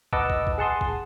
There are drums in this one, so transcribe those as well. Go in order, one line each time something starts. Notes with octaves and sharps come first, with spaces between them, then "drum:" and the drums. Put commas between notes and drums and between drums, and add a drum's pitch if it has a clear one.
B4 D#5 F#5 A5 D6 E6, drum: kick
drum: kick
drum: kick
G#4 F#5 A5 C6 D#6
drum: kick